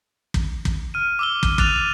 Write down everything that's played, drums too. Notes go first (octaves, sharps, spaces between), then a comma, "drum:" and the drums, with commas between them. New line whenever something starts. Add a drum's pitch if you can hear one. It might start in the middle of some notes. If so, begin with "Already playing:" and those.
drum: kick
drum: kick
F6 D#7
D6 E6 G7
drum: kick
D6 F#6 A6 D#7 F7, drum: kick